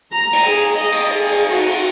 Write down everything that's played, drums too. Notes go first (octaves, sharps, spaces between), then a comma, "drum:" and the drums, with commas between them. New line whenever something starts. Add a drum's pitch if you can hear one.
A#5
drum: cymbal
G#4
D#5
drum: cymbal
G#4
drum: cymbal
F#4, drum: cymbal
drum: cymbal